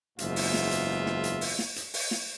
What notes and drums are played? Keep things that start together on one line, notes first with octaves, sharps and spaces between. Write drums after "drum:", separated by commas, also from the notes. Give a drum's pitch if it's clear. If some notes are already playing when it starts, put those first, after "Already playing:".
F#1 E2 G#2 F4 E5, drum: hi-hat
drum: open hi-hat
drum: snare
drum: hi-hat
drum: snare
drum: hi-hat
drum: open hi-hat
drum: snare
drum: hi-hat
drum: open hi-hat
drum: snare